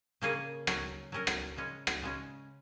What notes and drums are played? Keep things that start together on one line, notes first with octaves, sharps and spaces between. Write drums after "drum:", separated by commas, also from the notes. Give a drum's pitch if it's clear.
C#3 A#3 C#4 G#4
F#3 C#4 A#4, drum: rim click
F#3 C#4 A#4
drum: rim click
C#3 G#3 C#4
drum: rim click
C#3 G#3 C#4